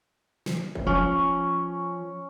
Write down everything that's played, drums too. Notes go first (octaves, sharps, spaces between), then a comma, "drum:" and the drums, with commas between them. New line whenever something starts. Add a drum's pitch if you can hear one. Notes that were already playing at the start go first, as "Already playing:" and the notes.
drum: snare
drum: kick
F3 C#4